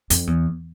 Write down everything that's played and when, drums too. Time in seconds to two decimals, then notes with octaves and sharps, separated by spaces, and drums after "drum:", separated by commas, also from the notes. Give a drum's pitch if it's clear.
0.10 F2, drum: hi-hat
0.27 E2